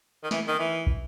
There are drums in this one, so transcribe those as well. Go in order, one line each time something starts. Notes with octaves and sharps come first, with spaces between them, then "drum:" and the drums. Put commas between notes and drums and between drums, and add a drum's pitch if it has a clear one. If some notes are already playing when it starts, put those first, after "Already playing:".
D#3
E3, drum: snare
D#3
E3
drum: kick